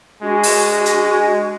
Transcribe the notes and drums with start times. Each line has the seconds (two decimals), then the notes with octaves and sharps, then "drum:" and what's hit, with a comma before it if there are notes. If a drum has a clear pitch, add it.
0.23 G#3 D4 F#4 G#5
0.44 drum: open hi-hat
0.86 drum: hi-hat